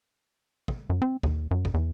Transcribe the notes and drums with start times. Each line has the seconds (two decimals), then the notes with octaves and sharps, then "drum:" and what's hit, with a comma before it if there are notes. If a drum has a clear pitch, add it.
0.68 drum: kick
0.90 F#2
1.02 C4
1.23 D#2, drum: kick
1.51 F#2
1.65 drum: kick
1.74 E2